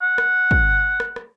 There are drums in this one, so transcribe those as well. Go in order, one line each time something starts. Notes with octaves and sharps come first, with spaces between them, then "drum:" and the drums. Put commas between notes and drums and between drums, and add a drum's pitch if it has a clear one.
F#5
drum: rim click
drum: kick
drum: rim click
drum: rim click